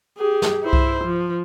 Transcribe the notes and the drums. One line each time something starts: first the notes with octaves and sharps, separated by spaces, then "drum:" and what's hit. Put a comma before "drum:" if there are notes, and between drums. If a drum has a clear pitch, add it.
G4 G#4
drum: snare
E4 C5
drum: kick C2
F3